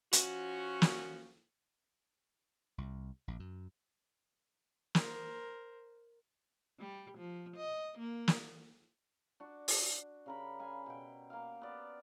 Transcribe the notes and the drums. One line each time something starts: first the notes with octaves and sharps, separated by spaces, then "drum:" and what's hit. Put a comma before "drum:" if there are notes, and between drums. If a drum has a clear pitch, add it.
F3 C#4 F#4, drum: hi-hat
drum: snare
C2
A#1
F#2
A#4 C5, drum: snare
G3
F3
D#5
A#3
drum: snare
D4 F#4
drum: open hi-hat
C#3 A#4 B5
F5 G#5 B5
B2 G5
A#3 F5
B3 D5